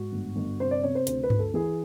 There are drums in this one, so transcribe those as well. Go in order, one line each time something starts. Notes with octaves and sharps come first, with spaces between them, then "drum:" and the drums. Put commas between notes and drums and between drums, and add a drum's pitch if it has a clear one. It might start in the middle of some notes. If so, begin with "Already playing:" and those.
Already playing: G#2 F#4
G1
G1
C3 C5
D5
C3 C#5
C5
D2 C5, drum: hi-hat
B4
D2, drum: tom G2
A4
E3 G#4